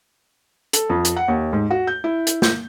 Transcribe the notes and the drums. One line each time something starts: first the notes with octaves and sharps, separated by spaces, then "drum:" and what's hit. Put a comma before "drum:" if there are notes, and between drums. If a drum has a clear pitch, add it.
A4, drum: hi-hat
F2
drum: hi-hat
F#5
D#2
G#2
F#4
G6
E4
drum: hi-hat
G6, drum: snare